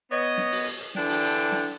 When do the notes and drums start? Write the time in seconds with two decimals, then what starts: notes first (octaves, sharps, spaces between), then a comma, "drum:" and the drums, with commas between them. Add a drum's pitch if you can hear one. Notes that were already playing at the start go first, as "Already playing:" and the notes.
0.10 B3 C#5 D#5
0.38 drum: snare
0.52 drum: open hi-hat
0.66 drum: hi-hat
0.80 drum: hi-hat
0.95 D3 E3 D4 G5, drum: snare
1.09 drum: open hi-hat
1.23 drum: hi-hat
1.38 drum: hi-hat
1.52 drum: snare